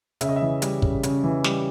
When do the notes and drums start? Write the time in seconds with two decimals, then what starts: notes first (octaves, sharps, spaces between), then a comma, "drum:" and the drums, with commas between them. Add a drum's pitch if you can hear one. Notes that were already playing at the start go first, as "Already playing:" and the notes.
0.21 C#3 E5, drum: hi-hat
0.29 D#5
0.36 E5
0.42 E3
0.62 G3, drum: hi-hat
0.82 C#3, drum: kick
1.03 C#3, drum: hi-hat
1.23 E3
1.44 G3, drum: snare